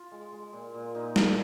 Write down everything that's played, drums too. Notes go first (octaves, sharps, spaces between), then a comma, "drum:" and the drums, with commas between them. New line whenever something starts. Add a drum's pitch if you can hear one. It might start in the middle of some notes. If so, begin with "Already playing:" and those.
Already playing: F4
G#3
G#3
A#2
A#2
A#2 D#4
F3, drum: snare